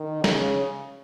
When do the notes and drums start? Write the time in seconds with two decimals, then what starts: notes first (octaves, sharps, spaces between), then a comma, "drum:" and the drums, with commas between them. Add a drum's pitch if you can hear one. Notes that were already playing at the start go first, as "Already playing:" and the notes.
Already playing: D#3
0.24 C#3, drum: snare